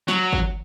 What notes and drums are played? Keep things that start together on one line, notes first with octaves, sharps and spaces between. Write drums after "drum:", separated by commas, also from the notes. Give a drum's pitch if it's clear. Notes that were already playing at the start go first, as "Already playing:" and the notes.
F#3, drum: snare
drum: kick